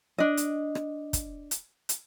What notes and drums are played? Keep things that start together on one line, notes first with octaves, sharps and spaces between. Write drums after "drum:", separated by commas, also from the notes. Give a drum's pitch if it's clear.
D4 D#5
drum: hi-hat
drum: rim click
drum: kick, hi-hat
drum: hi-hat
drum: hi-hat